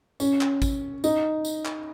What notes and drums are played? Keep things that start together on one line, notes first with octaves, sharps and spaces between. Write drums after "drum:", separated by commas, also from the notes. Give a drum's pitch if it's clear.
C#4, drum: tambourine
drum: clap
drum: kick G#1, tambourine
D#4, drum: tambourine
drum: tambourine
drum: clap